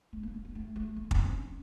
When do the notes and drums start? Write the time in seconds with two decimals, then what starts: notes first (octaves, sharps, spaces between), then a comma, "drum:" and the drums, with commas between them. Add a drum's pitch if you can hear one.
0.13 A3
0.23 A#3
0.34 A#3
0.45 B3
0.55 A3
0.76 A3
0.96 A#3
1.11 B3, drum: kick
1.25 C4
1.38 C#4